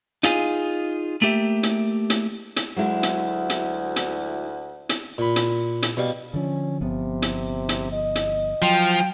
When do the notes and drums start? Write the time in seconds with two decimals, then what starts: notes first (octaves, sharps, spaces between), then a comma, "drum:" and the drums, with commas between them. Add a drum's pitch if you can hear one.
0.23 D#4 F4 G#4, drum: hi-hat
1.22 A3 A#3 G4 E5
1.63 drum: hi-hat
2.10 drum: hi-hat
2.56 drum: hi-hat
2.76 D2 F#3 G#3 E4 F#5
3.03 drum: hi-hat
3.50 drum: hi-hat
3.96 drum: hi-hat
4.89 drum: hi-hat
5.18 A#2 B5
5.36 drum: hi-hat
5.82 drum: hi-hat
5.97 B2 G3 F5
6.34 D3 F3 C#4
6.81 G1 C3 F3 B3
7.22 drum: hi-hat
7.69 drum: hi-hat
7.92 D#5
8.15 drum: hi-hat
8.62 F3 F#3 G5